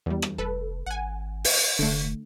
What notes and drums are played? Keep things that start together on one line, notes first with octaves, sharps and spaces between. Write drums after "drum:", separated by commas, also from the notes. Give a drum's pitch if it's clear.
E2 G3
drum: rim click
F1 A4 B4
G#1 F#5 G#5
drum: open hi-hat
F1 D3 A3